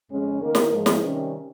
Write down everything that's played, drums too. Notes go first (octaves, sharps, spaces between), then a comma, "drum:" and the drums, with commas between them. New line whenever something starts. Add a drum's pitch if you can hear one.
F2 C#3 G#3 C#4
D#3 A#3 D#4 A#4
drum: snare
G#2 F3 G#3
drum: snare
C3 D#3 G3 C#4